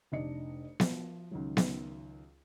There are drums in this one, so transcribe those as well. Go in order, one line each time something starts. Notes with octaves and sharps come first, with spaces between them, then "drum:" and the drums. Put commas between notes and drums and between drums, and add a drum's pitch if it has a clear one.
F1 D4 D#4 D5 D#5 C#7
F3, drum: snare B3
C#2 D#3 F#3
drum: snare B3